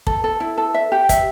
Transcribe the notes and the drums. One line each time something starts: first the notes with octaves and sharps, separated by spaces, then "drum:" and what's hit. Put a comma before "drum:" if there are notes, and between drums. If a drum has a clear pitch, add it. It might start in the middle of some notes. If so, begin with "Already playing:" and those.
A4, drum: kick
A4
E4
A4
E5
G4
E5, drum: kick, hi-hat